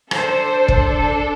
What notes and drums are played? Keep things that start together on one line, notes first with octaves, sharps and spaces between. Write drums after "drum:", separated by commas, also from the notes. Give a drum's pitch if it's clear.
D4 A4 C5, drum: rim click
drum: kick